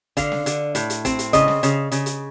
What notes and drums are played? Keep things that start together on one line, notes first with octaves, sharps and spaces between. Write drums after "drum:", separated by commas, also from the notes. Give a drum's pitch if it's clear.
D3 F5, drum: kick, hi-hat
drum: snare
D3, drum: hi-hat
A2, drum: hi-hat
drum: hi-hat
C4, drum: kick, hi-hat
drum: hi-hat
C#3 D#5, drum: kick, hi-hat
drum: snare
C#3, drum: hi-hat
C#3, drum: hi-hat
drum: hi-hat